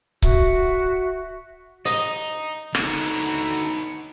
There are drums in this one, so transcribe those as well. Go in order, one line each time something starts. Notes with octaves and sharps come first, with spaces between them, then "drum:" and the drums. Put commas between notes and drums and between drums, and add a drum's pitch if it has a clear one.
F#4 E5, drum: kick C#1
D#4 D#5, drum: hi-hat
D3 B3 D#4 F#4 C#5, drum: rim click